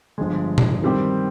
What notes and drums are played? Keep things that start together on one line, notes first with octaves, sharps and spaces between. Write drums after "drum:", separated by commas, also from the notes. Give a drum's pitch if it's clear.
G1 G2 F3 G#3
drum: tom A#2
D#3 G3 C4 G4